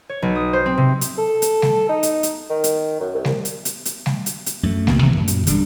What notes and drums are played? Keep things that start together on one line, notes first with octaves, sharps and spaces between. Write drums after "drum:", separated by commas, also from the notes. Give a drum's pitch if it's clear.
C#5
B1
D#6
C5
C4
C3
drum: hi-hat
A4
drum: hi-hat
drum: snare G3
D#4
drum: hi-hat
drum: hi-hat
D#3
drum: hi-hat
F#2
C2
drum: snare G3
drum: hi-hat
drum: hi-hat
drum: hi-hat
drum: snare G3
drum: hi-hat
drum: hi-hat
F#2 A3
C2 B2 D#3 A#3, drum: snare G3
B2 D#3 E3 A3
F#2 A#2
drum: hi-hat
D#1 D3 G3 D4, drum: hi-hat